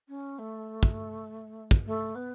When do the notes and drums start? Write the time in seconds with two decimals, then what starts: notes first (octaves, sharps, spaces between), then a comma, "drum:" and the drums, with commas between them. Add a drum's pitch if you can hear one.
0.08 C#4
0.38 A3
0.83 drum: kick
1.71 drum: kick
1.86 A3
2.15 B3